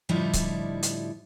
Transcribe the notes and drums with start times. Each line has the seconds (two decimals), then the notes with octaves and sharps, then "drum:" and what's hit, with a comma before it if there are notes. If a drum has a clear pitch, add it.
0.09 A2 D3 F3 G3 D#4 E4
0.34 drum: kick C#1, hi-hat
0.83 drum: hi-hat